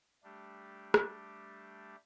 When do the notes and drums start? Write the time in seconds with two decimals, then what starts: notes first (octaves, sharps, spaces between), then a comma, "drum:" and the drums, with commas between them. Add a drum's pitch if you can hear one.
0.23 G3 A3 D4 G4
0.94 drum: rim click